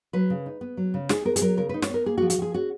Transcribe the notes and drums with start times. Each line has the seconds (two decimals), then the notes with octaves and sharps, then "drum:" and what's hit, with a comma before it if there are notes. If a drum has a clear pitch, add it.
0.13 F#3 B4
0.30 C#3
0.46 D#4
0.61 B3
0.77 F#3
0.94 C#3
1.09 D#4 G#4, drum: snare
1.25 B3 A#4
1.36 G#4, drum: hi-hat
1.41 F#3 A#4
1.57 C#3 A#4
1.69 D#4 B4
1.82 C#5, drum: snare
1.89 B3 A#4
2.06 A#3 G#4
2.18 F#4
2.22 F3
2.30 F#4, drum: hi-hat
2.38 F3 G#4
2.54 C#4 F#4